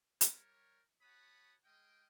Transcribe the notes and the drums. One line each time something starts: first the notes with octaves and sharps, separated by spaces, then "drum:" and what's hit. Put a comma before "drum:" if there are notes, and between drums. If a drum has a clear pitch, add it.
G3 A#4 C#5, drum: hi-hat
F#4 C#5 F#5 A5 B5 D#6
G#3 D#5 F5 G5